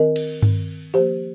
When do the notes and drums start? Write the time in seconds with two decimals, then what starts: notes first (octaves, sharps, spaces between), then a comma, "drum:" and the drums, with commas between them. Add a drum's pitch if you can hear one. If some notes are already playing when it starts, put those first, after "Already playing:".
Already playing: D#3 C4 A#4 D#5
0.16 drum: cymbal
0.42 D#3 C4, drum: tom G2
0.94 F3 A#3 G4 C5